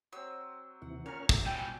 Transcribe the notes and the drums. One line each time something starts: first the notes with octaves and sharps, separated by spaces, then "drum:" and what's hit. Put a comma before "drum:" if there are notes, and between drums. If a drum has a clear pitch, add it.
F#3 C4 E6
D#2 C3 E3 F#5
A#2 C#4 A#4 C#5 A#5 F6
G4 E5, drum: kick
B2 G3 G5 G#5